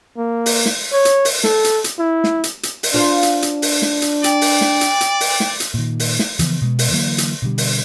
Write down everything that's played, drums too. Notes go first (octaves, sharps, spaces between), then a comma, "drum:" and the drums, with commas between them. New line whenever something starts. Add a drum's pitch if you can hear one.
A#3
drum: open hi-hat
drum: snare
C#5
drum: hi-hat
drum: open hi-hat
A4, drum: snare
drum: hi-hat
drum: hi-hat
E4
drum: snare
drum: hi-hat
drum: hi-hat
drum: open hi-hat
D4 F4 C5
drum: hi-hat
drum: hi-hat
drum: open hi-hat
drum: snare
drum: hi-hat
D5 G5, drum: hi-hat
drum: open hi-hat
drum: snare
drum: hi-hat
drum: hi-hat
drum: open hi-hat
drum: snare
drum: hi-hat
A#2 D#3
drum: open hi-hat
drum: snare
C#3 E3 F3 B3, drum: hi-hat
B2 G#3 B3
drum: open hi-hat
D3 E3 F#3 A#3
drum: hi-hat
B2 D3 G3
drum: open hi-hat